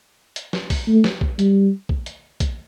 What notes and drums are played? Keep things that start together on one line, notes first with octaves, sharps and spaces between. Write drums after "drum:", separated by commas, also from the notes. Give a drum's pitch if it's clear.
drum: hi-hat
drum: snare
drum: kick, open hi-hat
A3
drum: snare
drum: kick
G3, drum: hi-hat
drum: kick
drum: hi-hat
drum: kick, hi-hat